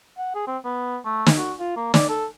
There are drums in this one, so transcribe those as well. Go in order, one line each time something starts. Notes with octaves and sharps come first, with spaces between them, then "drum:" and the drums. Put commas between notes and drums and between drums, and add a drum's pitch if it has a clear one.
F#5
G#4
C4
B3
A3
drum: snare
F#4
F4
A#3
D5, drum: snare
A4